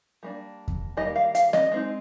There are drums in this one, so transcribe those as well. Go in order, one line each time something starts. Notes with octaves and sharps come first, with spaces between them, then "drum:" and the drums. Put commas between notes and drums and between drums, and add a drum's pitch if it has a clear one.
G3 A#3 D4
drum: kick E2
D#3 G3 A#3 D#5
F5
F5, drum: hi-hat
D#5, drum: snare
G#3 C4 D#4